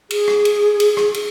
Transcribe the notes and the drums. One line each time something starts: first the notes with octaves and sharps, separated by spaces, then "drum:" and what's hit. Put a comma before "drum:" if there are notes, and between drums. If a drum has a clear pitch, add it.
G#4, drum: cymbal
drum: rim click
drum: cymbal
drum: cymbal
drum: rim click
drum: cymbal